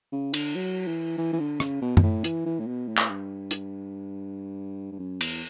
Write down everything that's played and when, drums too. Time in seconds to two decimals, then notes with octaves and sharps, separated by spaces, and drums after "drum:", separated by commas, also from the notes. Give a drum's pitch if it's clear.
0.12 C#3
0.34 D3, drum: cymbal
0.55 F#3
0.87 E3
1.18 E3
1.32 E3
1.40 D3
1.60 C#3, drum: rim click
1.82 B2
1.97 B2, drum: tom F#2
2.03 A2
2.24 E3, drum: hi-hat
2.45 E3
2.59 A2
2.67 B2
2.88 A2
2.98 drum: clap
3.09 G2
3.51 drum: hi-hat
4.92 G2
4.99 F#2
5.21 E2, drum: cymbal